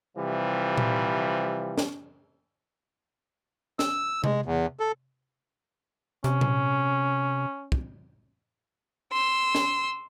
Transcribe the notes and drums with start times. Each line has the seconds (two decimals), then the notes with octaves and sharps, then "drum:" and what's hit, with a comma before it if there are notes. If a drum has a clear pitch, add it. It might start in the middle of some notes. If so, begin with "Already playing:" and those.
0.18 C3 E3 F3 G3
0.77 drum: tom A#2
1.78 drum: snare
3.79 E6, drum: snare
4.24 G#3, drum: tom C3
4.45 E2
4.80 A4
6.24 C3 C#4, drum: hi-hat
6.41 drum: tom A#2
7.72 drum: kick
9.12 C6 E6
9.55 drum: snare